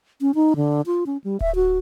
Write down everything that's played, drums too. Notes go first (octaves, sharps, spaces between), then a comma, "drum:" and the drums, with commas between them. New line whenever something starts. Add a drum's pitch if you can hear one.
C#4
D#4
D3
F4
C#4
G3
E5, drum: kick D1
F#4